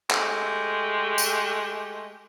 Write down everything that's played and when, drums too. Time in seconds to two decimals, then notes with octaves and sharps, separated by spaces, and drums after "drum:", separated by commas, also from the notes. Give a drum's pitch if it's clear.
0.10 G#3 A3 G4, drum: clap
1.18 drum: tambourine